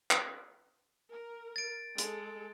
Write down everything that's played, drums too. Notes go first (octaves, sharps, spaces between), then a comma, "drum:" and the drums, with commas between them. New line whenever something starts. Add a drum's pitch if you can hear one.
drum: clap
A#4
A6 D7
G#3 A4, drum: hi-hat